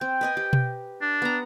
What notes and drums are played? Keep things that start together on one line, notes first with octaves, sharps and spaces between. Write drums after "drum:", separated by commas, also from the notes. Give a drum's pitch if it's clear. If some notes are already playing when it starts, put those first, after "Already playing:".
C4 G5
B4 D#5 G#5
G4
drum: tom B2
D4
B3 A#5